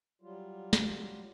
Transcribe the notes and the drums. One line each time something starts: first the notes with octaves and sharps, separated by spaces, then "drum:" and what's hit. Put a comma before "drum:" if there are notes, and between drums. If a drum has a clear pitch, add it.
F#3 G3 F4
drum: snare